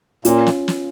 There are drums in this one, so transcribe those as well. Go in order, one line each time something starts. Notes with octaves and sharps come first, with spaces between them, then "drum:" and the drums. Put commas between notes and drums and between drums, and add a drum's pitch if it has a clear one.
A#2 C#4 F4, drum: hi-hat
drum: snare
drum: snare